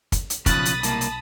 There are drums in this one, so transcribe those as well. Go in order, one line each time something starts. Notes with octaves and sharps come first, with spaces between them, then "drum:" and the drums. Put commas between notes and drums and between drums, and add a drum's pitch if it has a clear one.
drum: kick, hi-hat
drum: hi-hat
B1 C#3 F3 B5 D#6 F#6 A6, drum: kick, hi-hat
drum: hi-hat
C2 A#3 A5, drum: hi-hat
drum: hi-hat